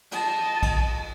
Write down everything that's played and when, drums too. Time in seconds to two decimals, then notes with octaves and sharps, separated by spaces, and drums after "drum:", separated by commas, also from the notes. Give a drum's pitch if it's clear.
0.12 D#5 A5, drum: cymbal
0.63 drum: kick, cymbal